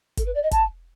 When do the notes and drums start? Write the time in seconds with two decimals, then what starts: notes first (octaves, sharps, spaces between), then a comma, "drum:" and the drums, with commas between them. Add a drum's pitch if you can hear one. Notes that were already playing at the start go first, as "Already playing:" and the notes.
0.17 A4, drum: kick, hi-hat
0.26 B4
0.34 D5
0.43 D#5
0.51 A5, drum: kick, hi-hat